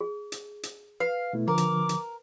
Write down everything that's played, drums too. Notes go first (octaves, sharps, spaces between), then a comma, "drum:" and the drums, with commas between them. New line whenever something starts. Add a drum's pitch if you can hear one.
G#4
drum: hi-hat
drum: hi-hat
B4 F5
B2 A3 E4
D3 F3 A#4 D6
drum: hi-hat
drum: hi-hat